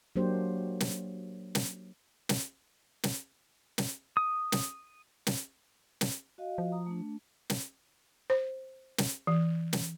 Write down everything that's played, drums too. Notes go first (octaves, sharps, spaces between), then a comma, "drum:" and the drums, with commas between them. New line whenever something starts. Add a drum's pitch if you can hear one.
F#3 A#3 D4 G4 C5
drum: snare
drum: snare
drum: snare
drum: snare
drum: snare
D#6
drum: snare
drum: snare
drum: snare
F#4 D#5 F5
F3
A#5 D#6
A3 D4
drum: snare
C5
drum: snare
E3
drum: snare